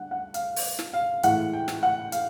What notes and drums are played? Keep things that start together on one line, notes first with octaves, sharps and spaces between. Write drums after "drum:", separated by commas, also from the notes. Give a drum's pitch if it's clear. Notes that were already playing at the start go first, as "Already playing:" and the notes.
Already playing: D3 G3 F#5
F#5
F5, drum: hi-hat
drum: open hi-hat
drum: snare
F5
A2 E3 G#3 F#5, drum: hi-hat
G5
drum: snare
F#5
F5, drum: hi-hat